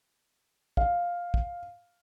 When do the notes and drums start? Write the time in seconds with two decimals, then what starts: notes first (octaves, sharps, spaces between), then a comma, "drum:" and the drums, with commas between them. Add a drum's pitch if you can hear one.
0.77 F5, drum: kick
1.34 drum: kick